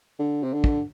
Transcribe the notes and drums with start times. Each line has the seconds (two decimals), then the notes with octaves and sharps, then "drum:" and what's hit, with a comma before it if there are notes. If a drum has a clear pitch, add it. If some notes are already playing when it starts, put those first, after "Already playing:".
0.19 D3
0.43 C3
0.53 D3
0.64 drum: kick